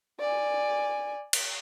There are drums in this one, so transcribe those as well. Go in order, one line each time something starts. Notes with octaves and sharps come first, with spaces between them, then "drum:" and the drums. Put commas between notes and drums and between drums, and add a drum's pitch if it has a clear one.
D5 G#5
drum: cymbal